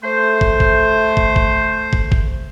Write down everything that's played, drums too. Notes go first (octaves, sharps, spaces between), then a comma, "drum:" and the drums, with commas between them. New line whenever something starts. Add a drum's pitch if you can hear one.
A3 C5
drum: kick
drum: kick
drum: kick
drum: kick
drum: kick
drum: kick